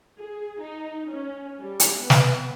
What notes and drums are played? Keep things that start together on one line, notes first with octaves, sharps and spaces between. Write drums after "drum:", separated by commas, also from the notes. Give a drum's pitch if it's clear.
G#4
D#4
C#4
G3
drum: hi-hat
B3
drum: snare